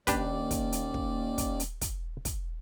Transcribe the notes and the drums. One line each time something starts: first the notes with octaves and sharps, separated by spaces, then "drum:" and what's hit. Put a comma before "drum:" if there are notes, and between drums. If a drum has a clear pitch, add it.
D#2 D#3 A#3 C#4 D4 G4 B4 D5, drum: kick, hi-hat
drum: kick, hi-hat
drum: hi-hat
drum: kick
drum: kick, hi-hat
drum: hi-hat
drum: kick, hi-hat
drum: kick, hi-hat